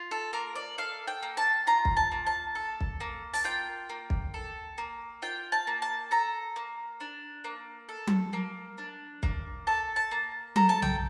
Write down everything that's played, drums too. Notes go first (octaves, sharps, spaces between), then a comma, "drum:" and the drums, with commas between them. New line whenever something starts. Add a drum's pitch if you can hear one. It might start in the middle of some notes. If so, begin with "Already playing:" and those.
Already playing: F4
A4
A#3 A#4
D5
A4 F5
G5
A#3
A5
F4 A#5
drum: kick
A5
A#3
A5
A4
drum: kick
A#3
A5, drum: open hi-hat
F4 G5
A#3
drum: kick
A4
A#3
F4 G5
A5
A#3
A5
A4 A#5
A#3
D4
A#3
A4
drum: tom F#3
A#3
D4
A#3, drum: kick
A4 A5
A5
A#3
A4 A#5, drum: tom F#3
A5
G5, drum: tom B1